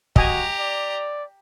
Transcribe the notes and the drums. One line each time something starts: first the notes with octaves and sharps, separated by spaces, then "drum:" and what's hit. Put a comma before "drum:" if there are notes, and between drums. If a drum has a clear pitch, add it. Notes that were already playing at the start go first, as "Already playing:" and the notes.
F#4 G4 D#5 G#5 A#5, drum: kick
D5